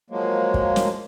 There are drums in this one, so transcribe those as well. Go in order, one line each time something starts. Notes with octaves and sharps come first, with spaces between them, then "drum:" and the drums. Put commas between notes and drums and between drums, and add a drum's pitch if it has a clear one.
F3 F#3 G#3 A#3
drum: kick
drum: snare